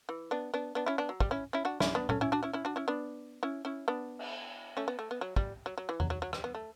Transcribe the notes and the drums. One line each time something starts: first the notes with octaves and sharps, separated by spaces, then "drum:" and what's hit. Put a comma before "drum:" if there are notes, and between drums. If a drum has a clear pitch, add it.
E3
B3 D4
B3 D4
B3 D4
C#4 E4
B3 D4
F#3
G3, drum: kick
C#4 E4
C#4 E4
D4 F#4
C#4 E4, drum: snare
B3 D4
A3 C#4, drum: tom A#2
C#4 E4
D4 F#4
C#4 E4
C#4 E4
D4 F#4
C#4 E4
B3 D4
C#4 E4
C#4 E4
B3 D4
drum: cymbal
A3 C#4
B3
A3
B3
F#3
G3, drum: kick
F#3
F#3
E3
F#3, drum: tom E2
F#3
F#3
G3, drum: rim click
B3
A3